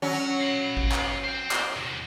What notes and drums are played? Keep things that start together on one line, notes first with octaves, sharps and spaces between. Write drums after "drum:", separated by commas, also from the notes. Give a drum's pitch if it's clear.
F#3 C#4
F5 B5
drum: kick G#1
drum: clap
C5 G5
drum: clap
E2 C3